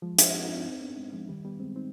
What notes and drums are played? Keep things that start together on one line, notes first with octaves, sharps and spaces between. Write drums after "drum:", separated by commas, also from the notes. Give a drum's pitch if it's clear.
F3 G#3
D4 F4, drum: hi-hat
C4 D#4
D4 F4
C4 D#4
C4 D#4
B3 D4
G#3 C4
F3 G#3
D#3 G3
G3 B3
G#3 C4
C4 D#4